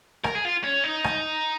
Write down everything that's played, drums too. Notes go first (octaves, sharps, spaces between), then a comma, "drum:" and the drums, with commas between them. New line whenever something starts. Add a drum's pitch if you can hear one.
A#4, drum: rim click
G#4
F4
C#4
D#4
drum: rim click